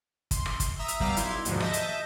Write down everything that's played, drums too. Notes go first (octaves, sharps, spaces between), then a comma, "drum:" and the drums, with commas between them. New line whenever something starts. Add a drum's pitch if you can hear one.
C6, drum: kick, hi-hat
drum: rim click
drum: kick, hi-hat
E5 A#5 D#6 E6
drum: hi-hat
G3 B3 F5 A#5 D6 E6, drum: kick
B1 E4 C6 D6 G#6, drum: hi-hat
D#2 G#2 B2 D3 D#3 F3, drum: hi-hat
D#5 E5 A5 G6 A#6, drum: rim click
drum: hi-hat